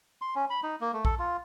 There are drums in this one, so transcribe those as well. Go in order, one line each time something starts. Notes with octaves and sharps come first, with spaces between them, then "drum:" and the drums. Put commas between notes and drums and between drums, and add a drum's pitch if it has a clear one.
C6
C#4
B5
D#4
A#3
A3
A4, drum: kick A#1
F4